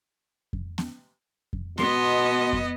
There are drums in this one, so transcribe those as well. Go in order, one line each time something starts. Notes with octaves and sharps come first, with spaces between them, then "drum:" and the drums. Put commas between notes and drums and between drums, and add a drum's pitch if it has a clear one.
drum: kick F2
drum: snare B3
drum: kick F2
B2 B3 D#5 C6, drum: snare B3
drum: kick F2